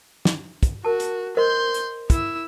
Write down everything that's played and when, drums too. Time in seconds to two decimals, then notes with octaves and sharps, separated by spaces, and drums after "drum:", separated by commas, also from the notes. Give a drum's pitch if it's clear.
0.25 drum: snare
0.63 drum: kick, hi-hat
0.85 F#4 A#4 A5
1.00 drum: hi-hat
1.37 A#4 C5 D#5 C6 G6
1.74 drum: hi-hat
2.10 E4 E6, drum: kick, hi-hat